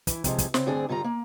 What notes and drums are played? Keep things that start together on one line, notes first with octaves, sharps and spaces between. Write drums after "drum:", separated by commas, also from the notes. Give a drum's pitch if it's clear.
E3, drum: kick, hi-hat
C3 F3 G#3, drum: kick, hi-hat
drum: kick, hi-hat
C#3 C4, drum: snare
D2 G2 D3 C4 D4 G#4
G2 D3 G3 F4 A#5
A#3